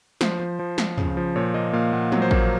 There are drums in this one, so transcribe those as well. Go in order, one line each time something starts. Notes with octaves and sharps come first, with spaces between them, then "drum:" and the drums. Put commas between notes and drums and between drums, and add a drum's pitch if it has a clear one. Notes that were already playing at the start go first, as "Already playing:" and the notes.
F3 C5, drum: snare
F3
F3
F3, drum: snare
C#3, drum: tom
F3
A#2 C#5
A#3 D#5
A#2 F5
A#2 F#5
F#3, drum: tom
C5
A#3, drum: kick A1